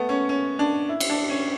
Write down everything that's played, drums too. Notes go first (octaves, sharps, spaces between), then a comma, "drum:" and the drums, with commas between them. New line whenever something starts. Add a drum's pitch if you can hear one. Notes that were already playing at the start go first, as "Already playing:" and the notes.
Already playing: A3 B3
C#4
C#4
D4
E4
drum: cymbal
D4
C#4